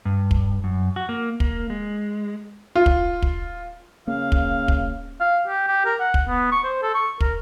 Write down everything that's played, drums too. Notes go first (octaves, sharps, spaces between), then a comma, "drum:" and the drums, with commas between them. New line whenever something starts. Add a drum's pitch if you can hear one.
G2
drum: kick
F#2
F#4
A#3
A#3, drum: kick
G#3
F4
drum: kick
drum: kick
C#3 A#3 F5
drum: kick
drum: kick
F5
G4
G4
A#4
F#5
drum: kick
B3
C#6
C5
A4
C#6
A#4, drum: kick